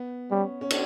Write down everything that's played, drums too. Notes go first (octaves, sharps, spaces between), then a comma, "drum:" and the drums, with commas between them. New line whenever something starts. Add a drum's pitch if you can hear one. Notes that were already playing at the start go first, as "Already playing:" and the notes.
Already playing: B3
G3 C#4
C#4
D4, drum: cymbal